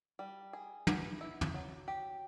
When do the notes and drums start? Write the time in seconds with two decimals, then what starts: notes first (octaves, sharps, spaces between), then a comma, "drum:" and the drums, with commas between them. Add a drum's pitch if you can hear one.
0.19 G3
0.53 G#4
0.87 B3, drum: tom
1.21 E4
1.41 drum: tom
1.54 F#3
1.88 G4